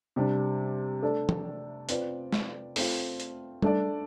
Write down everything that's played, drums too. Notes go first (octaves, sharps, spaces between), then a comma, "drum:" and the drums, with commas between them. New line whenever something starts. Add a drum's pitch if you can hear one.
C3 G3 D4
A3 D4 A4 D5
drum: tom
C4 F4 B4 D5, drum: hi-hat
drum: snare
A3 C4 F4, drum: open hi-hat
drum: hi-hat
A3 D4 A4 D5, drum: tom G3